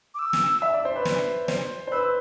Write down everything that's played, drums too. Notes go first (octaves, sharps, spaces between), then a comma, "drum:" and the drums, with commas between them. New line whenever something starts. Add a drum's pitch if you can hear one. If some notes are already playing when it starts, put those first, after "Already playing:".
D6
E6
drum: snare
E5
D5
C5
B4 D5
drum: snare
C5, drum: snare
C5
B4 E6